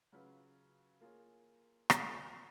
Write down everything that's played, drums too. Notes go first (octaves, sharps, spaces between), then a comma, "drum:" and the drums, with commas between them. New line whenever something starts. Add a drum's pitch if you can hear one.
C#3 F#3 C#4 F4 B4
A#3 F4 G#4 C#5
A#3 F4 B4 D#5, drum: rim click